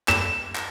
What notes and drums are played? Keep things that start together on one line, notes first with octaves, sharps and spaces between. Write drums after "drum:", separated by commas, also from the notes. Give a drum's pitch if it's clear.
E7, drum: clap
drum: clap